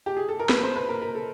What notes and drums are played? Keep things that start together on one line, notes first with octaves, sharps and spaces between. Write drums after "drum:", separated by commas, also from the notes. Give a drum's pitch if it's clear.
G4
G#4
A4
A#4
B4, drum: snare
C5
B4
A#4
A#4
A4